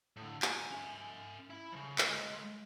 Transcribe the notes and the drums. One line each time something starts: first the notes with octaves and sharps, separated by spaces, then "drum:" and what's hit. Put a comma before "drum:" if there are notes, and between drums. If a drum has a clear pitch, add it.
A2 D3
G#5, drum: clap
C#4 E5
E4 E5
C#3 F3
D2 G#3, drum: clap